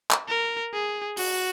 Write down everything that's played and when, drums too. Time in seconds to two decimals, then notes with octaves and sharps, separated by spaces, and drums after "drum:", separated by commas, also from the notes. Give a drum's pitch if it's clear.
0.11 drum: clap
0.28 A#4
0.73 G#4
1.17 F#4, drum: open hi-hat